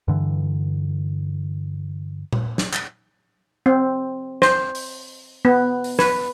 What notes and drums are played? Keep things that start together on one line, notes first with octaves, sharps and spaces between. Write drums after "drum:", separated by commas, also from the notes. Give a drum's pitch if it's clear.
G2 D3 E3
drum: tom A#2
drum: snare
drum: clap
C4
C5, drum: snare
drum: open hi-hat
B3
drum: open hi-hat
B4, drum: snare